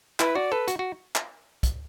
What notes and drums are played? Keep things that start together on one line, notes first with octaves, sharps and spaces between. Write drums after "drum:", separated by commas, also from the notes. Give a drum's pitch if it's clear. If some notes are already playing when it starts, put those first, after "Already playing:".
E4 B4, drum: clap
F#4 D5
A4 B4
F#4, drum: hi-hat
F#4
drum: clap
drum: kick, hi-hat